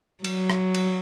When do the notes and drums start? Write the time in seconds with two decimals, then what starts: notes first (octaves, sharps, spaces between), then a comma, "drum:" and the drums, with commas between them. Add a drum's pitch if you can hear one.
0.24 F#3, drum: cymbal
0.50 drum: rim click
0.74 drum: cymbal